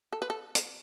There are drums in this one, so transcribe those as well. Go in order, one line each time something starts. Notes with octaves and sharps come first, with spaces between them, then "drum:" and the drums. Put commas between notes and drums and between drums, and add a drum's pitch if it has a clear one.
A4
B4
A4
drum: hi-hat